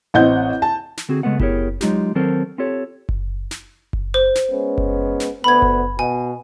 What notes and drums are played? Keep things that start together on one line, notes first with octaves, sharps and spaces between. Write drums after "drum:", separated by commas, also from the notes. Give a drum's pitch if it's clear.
A1 C4 D#5 F#5 G6
A5
drum: snare
D3 C4 F#4 G#4
C#3 G#3 A3 B3 F#5
B3 E4 G4 G#4 A#4 C#5, drum: kick F#1
F#3 G#3 D#4 F4 G4, drum: snare
D#3 F#3 C4 A4 A#4 C5
C4 F4 G4 A4 C#5
drum: kick F#1
drum: snare
drum: kick F#1
C5
drum: snare
G#3 B3 C#4
drum: kick F#1
drum: snare
D2 B3 B5 G#6
drum: kick F#1
B2 G#5